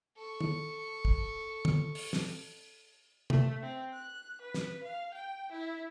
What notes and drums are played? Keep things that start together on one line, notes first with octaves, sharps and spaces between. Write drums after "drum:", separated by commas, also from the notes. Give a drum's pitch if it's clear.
A4 C#6
drum: tom
drum: kick
drum: tom
drum: open hi-hat
drum: snare
A3, drum: tom C3
C4
F#6
B4
drum: snare
F5
G5
E4